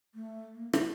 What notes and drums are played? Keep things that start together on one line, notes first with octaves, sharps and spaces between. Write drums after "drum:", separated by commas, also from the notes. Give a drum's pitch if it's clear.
A3
A#3
E4, drum: rim click